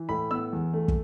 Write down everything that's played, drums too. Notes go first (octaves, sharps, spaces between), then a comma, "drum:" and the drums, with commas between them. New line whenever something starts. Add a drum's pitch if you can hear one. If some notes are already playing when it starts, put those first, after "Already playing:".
Already playing: E3
A2 B5
B3 E6
E2
A3
drum: kick